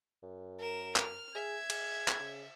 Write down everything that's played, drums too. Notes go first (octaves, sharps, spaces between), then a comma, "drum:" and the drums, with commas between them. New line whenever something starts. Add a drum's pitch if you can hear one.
F#2
A#4 E7
F6, drum: clap
G#4 E5 G#6
G#4, drum: cymbal
drum: clap
C#3